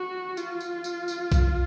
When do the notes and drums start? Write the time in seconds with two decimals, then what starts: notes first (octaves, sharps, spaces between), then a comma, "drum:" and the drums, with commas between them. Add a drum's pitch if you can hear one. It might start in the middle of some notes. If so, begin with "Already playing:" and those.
Already playing: F#4
0.37 F4, drum: tambourine
0.60 drum: tambourine
0.84 drum: tambourine
1.08 drum: tambourine
1.32 drum: kick B1, tambourine